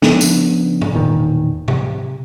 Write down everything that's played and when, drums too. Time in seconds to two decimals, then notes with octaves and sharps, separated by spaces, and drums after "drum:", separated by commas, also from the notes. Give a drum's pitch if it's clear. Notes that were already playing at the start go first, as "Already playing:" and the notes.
0.02 C#3 F3 B3 D4, drum: snare
0.21 drum: tambourine
0.81 drum: tom G#2
0.94 E1 A#2 D#3
1.68 C3, drum: tom G#2